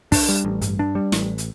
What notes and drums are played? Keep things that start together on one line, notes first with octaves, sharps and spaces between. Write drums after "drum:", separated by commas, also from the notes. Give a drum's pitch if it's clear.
D4, drum: kick, open hi-hat
G3
A1
G2, drum: hi-hat
D4
G3
A1, drum: snare
drum: hi-hat